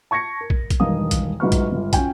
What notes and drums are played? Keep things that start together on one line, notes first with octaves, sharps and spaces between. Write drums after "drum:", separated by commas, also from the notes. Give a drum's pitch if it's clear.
A5 C#6 G#6 A#6 C#7
A#4
drum: kick
drum: kick, hi-hat
E1 G2 D#3 F5 D#6
drum: kick, hi-hat
G1 G#2 F#3 B4 C#6 F6
drum: kick, hi-hat
G1 C#2 G2
C#4 F4 F#4 G5 G#5, drum: kick, hi-hat